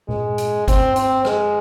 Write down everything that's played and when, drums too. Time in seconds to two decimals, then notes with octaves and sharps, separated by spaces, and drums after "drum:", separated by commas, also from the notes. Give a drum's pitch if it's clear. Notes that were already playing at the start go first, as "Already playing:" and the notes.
0.09 G#3, drum: tom A#2
0.38 drum: hi-hat
0.68 C4, drum: kick G1, hi-hat
0.96 C4, drum: hi-hat
1.25 G#3, drum: rim click